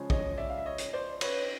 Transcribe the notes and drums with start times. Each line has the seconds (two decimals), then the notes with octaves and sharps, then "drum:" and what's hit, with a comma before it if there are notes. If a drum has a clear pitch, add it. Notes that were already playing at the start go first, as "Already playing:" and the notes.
Already playing: C#3 F3 G#3 C#4
0.10 C#5 D#5, drum: kick
0.37 D5 E5
0.50 F5
0.58 E5
0.66 C#5 D#5
0.78 drum: hi-hat
0.93 C5 D5
1.21 B4 C#5, drum: cymbal